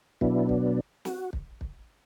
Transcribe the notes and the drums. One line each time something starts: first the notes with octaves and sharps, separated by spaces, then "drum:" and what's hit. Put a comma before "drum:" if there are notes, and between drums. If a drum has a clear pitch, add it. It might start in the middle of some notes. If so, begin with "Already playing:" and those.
B2 F#3 B3 D4 E4, drum: kick
drum: kick
F#4, drum: snare
drum: kick
drum: kick